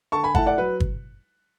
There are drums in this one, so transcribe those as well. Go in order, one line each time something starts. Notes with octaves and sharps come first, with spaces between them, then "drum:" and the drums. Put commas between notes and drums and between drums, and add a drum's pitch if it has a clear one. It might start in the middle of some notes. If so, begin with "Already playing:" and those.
D3 A5 C#6
G#5 B5
A3 E4 F#5 A5, drum: kick G1
D5 F#5
F#3 B4
drum: kick G1